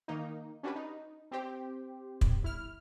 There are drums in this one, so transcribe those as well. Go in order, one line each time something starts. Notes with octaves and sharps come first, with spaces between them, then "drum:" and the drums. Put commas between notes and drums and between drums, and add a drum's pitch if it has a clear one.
D#3 A#3 D#4
C#4 D4 F#4 G4 B4
D#4
C4 G4 C5
drum: kick
G1 E4 F6